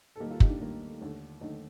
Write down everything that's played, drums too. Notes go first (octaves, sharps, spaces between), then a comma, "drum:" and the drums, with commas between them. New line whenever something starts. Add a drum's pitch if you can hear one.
A4
D#2 D#3 G3 A#3 D#4 G4
F4 A4
D#4 G4, drum: kick
D4
D#2 D#3 G3 A#3
D#2 D3 A3
D#2 D3 A3 D#4